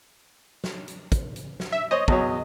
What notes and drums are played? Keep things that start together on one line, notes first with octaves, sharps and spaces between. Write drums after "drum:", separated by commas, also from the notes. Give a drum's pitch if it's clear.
drum: snare
drum: hi-hat
drum: kick, hi-hat
drum: hi-hat
drum: snare
E5
C5 C#5 D#5
E2 F#3 C#5, drum: kick